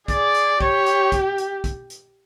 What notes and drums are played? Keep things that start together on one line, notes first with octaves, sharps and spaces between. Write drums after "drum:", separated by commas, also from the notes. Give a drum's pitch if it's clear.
G#4 D5, drum: kick, hi-hat
drum: hi-hat
G4 C#5, drum: kick
drum: hi-hat
drum: kick, hi-hat
drum: hi-hat
drum: kick, hi-hat
drum: hi-hat